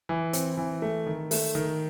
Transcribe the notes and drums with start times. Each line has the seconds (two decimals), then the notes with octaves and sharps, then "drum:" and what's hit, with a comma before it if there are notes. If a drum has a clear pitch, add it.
0.09 E3
0.33 C4, drum: hi-hat
0.57 E3
0.82 A3
1.07 D#3
1.31 A3, drum: open hi-hat
1.55 D#3